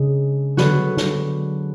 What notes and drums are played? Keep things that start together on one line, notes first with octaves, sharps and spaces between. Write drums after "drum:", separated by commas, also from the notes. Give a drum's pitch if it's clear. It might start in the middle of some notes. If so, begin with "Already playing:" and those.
Already playing: C#3 G#3 D4 G#4
D3 F#3 B3 F#4 B4, drum: snare
drum: snare